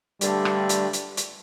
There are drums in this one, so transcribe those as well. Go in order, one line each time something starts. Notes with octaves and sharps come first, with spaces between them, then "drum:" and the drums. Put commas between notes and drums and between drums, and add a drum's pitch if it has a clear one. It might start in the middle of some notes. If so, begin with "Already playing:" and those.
G2 D3 G3 A3, drum: hi-hat
drum: rim click
drum: hi-hat
drum: hi-hat
drum: hi-hat